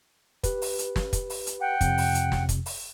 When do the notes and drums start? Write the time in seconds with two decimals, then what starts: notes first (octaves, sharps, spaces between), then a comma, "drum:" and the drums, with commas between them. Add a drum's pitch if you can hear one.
0.44 G4 B4, drum: kick, hi-hat
0.62 drum: open hi-hat
0.79 drum: hi-hat
0.96 drum: snare
1.13 drum: kick, hi-hat
1.30 drum: open hi-hat
1.47 drum: hi-hat
1.60 F#5 G5
1.81 F2 C3, drum: kick, hi-hat
1.98 drum: open hi-hat
2.15 drum: hi-hat
2.32 drum: snare
2.49 drum: kick, hi-hat
2.66 drum: open hi-hat